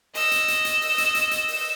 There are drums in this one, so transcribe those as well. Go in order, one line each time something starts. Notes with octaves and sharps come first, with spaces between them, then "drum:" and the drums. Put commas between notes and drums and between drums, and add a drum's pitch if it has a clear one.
D#5 E6, drum: open hi-hat
drum: hi-hat
drum: hi-hat
drum: hi-hat
drum: open hi-hat
drum: hi-hat
drum: hi-hat
drum: hi-hat
drum: open hi-hat